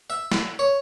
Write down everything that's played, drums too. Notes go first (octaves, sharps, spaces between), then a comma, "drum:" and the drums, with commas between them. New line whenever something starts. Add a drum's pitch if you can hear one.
E5
drum: snare
C#5